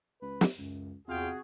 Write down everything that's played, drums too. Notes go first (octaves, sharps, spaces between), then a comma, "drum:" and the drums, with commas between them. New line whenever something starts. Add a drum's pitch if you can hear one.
C#2 B4
drum: snare
C#2 F#2
E2 C3 F4 F#4 G#4 F5 G5